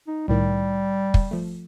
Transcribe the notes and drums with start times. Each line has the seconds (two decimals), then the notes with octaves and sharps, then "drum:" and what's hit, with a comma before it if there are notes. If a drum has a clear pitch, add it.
0.07 D#4
0.28 C2 A2 D#3 G3
1.14 drum: kick
1.31 F3 A3